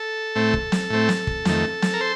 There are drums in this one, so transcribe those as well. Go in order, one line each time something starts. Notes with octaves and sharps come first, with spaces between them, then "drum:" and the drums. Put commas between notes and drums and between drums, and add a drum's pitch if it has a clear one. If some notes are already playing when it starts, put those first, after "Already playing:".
Already playing: A4
A2 A3 C4
drum: kick
drum: snare
A2 A3 C4
drum: snare
drum: kick
F2 D#3 A3, drum: snare
drum: snare
A#4
C5